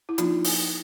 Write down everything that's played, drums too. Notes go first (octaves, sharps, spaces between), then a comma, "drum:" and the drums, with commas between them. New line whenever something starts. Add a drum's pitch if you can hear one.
E4
F3 A#3 D4 D#4 F4, drum: hi-hat
drum: open hi-hat